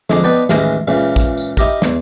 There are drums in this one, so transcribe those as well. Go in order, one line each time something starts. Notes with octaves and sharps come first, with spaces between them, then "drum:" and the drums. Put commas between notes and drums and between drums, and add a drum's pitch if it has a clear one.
F2 D3 G#3 D4, drum: snare
B3 D#4 B4 D5 G5 A5
A1 D#2 E3 G#3 A#4, drum: snare
C#2 A#2 C#3 E3
drum: kick, tambourine
drum: tambourine
D#4 E4 G4 A#4, drum: kick
E2, drum: snare